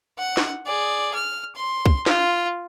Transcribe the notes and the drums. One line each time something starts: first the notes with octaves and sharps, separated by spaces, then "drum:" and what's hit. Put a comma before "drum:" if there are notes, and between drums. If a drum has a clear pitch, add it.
F#5
drum: snare
G#4 D5
F6
C6
drum: kick
F4, drum: snare